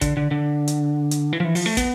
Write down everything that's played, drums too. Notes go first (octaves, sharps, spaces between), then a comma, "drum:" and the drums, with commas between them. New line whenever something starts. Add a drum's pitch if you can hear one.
D3, drum: kick, hi-hat
D3
D3
drum: hi-hat
drum: hi-hat
E3
F3
E3
F3, drum: open hi-hat
A3
B3, drum: kick, hi-hat